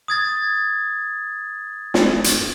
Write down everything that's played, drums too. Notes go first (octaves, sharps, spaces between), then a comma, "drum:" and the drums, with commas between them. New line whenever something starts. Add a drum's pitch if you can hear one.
D#6 G#6 A6
drum: snare
drum: hi-hat